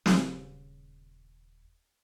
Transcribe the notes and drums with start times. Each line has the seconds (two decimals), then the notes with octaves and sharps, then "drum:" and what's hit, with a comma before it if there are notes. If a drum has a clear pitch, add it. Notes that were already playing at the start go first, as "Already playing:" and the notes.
0.06 D#1 C#3, drum: snare